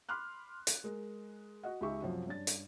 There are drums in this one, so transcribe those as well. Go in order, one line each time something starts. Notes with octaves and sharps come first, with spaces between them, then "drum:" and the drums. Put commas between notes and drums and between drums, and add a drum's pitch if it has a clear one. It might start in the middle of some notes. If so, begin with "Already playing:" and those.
B5 C6 D6 F6 F#6
drum: hi-hat
G#3 A#4
F#4 D#5 F#5
C#2 G#3 D#4 G4 E5 C#6
F#2 C3 F3 F#3
G2 C#4 D4 A6
drum: hi-hat